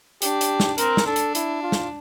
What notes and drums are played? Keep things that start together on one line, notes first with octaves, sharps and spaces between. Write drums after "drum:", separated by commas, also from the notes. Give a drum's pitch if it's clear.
D4 G4, drum: hi-hat
drum: hi-hat
drum: snare
C4 A#4, drum: hi-hat
drum: snare
D4 A4
drum: hi-hat
E4, drum: hi-hat
F4
drum: snare